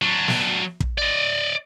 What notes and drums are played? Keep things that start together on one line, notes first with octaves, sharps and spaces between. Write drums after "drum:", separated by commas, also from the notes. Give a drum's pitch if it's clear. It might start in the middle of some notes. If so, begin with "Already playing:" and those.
F#3 D4
drum: snare
drum: kick
D5 D#5